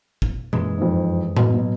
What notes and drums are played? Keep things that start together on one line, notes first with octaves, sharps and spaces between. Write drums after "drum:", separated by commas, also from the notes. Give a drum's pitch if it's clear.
drum: kick
F#2 E3 G#3, drum: tom B2
F2 G#2
B2, drum: tom A2
B2 F#3